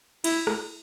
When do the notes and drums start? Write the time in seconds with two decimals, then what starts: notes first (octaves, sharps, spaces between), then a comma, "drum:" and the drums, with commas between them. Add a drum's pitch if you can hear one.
0.24 E4, drum: cymbal
0.47 drum: rim click